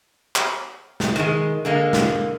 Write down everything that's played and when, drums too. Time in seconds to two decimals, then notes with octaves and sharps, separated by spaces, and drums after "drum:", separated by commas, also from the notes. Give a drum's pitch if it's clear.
0.36 drum: clap
1.00 drum: snare
1.16 D#3 G#3, drum: rim click
1.65 D3 G#3 A#3
1.93 drum: snare